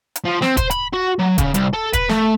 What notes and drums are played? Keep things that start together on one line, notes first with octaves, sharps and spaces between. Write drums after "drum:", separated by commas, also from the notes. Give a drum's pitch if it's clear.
drum: hi-hat
F3
C4, drum: snare
C5, drum: kick, hi-hat
B5, drum: hi-hat
F#4
F#3
C#3, drum: kick, hi-hat
C2, drum: hi-hat
A4
B4, drum: kick, hi-hat
A3, drum: snare